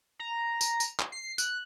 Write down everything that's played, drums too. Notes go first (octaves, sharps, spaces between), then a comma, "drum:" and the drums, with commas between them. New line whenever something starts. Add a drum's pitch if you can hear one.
A#5
drum: tambourine
drum: tambourine
drum: clap
C7
F#6, drum: tambourine